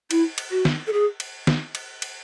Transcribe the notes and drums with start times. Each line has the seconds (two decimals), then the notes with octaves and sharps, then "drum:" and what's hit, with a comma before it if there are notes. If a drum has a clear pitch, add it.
0.11 E4, drum: cymbal
0.38 drum: cymbal
0.51 F#4
0.65 drum: snare
0.87 A4
0.93 G#4
1.20 drum: cymbal
1.47 drum: snare
1.75 drum: cymbal
2.02 drum: cymbal